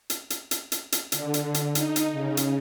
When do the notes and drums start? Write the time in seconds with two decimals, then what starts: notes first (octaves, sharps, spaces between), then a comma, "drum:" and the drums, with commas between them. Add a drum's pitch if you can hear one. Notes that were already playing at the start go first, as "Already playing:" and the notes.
0.10 drum: hi-hat
0.30 drum: hi-hat
0.51 drum: hi-hat
0.72 drum: hi-hat
0.92 drum: hi-hat
1.12 D3, drum: hi-hat
1.34 drum: hi-hat
1.54 drum: hi-hat
1.75 D#4, drum: hi-hat
1.96 drum: hi-hat
2.12 C#3
2.37 drum: hi-hat